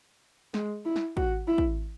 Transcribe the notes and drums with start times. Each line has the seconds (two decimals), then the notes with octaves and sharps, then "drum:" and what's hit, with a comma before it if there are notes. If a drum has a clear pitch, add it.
0.54 G#3, drum: snare
0.86 E4
0.96 drum: snare
1.17 F#4, drum: kick
1.47 E4
1.58 drum: kick